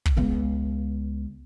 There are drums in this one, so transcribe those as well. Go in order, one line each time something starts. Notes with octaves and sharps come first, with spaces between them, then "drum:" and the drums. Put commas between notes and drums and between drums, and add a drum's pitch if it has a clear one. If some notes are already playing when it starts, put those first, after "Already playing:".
drum: kick
C#2 B3